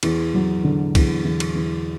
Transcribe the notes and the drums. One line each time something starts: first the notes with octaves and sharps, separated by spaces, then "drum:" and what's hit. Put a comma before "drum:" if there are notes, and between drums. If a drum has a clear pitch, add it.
E2, drum: cymbal
F#3
D3
E2, drum: kick, cymbal
E2
drum: cymbal
E2